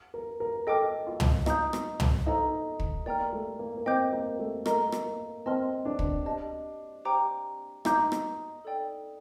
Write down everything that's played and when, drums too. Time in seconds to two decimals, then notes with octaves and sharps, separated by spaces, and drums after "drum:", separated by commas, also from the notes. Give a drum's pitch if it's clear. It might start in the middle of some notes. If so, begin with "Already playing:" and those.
0.14 A#4
0.40 A#4
0.67 A4 D#5 G5 D6 F6
1.07 F4
1.20 drum: tom
1.46 D#4 D#5 A#5 D#6 G6, drum: rim click
1.73 drum: rim click
2.00 drum: tom
2.26 D#4 A4 C5 D#5 A#5
2.79 drum: kick
3.06 A#3 D5 G5 A#5 F6
3.33 A3
3.59 A#3
3.77 A#3
3.86 C4 D#5 G5 D6 G6
4.13 A#3
4.39 A3
4.66 A3 A#4 D#5 A#5, drum: rim click
4.92 drum: rim click
5.06 A#3
5.46 C4 D#5 A5 C6 F6
5.85 D4
5.99 drum: kick
6.25 G4 C5 D#5 A5
7.05 G4 C5 G5 A#5 D6
7.85 D#4 D#5 A#5 D6 G6, drum: rim click
8.12 drum: rim click
8.65 A4 D5 G5